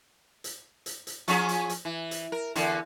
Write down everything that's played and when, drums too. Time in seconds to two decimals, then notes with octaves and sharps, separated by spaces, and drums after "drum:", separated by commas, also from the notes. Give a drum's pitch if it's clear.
0.44 drum: hi-hat
0.86 drum: hi-hat
1.07 drum: hi-hat
1.28 F3 C#4 G#4, drum: hi-hat
1.49 drum: hi-hat
1.69 drum: hi-hat
1.85 E3
2.11 drum: hi-hat
2.32 A#4
2.55 E2 D3, drum: hi-hat